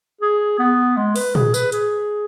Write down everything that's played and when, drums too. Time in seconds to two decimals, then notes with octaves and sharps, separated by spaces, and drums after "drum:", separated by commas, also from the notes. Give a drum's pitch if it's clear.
0.21 G#4
0.59 B3
0.97 G#3
1.16 B4, drum: open hi-hat
1.35 G#4, drum: tom
1.54 B4, drum: tambourine
1.72 G#4, drum: hi-hat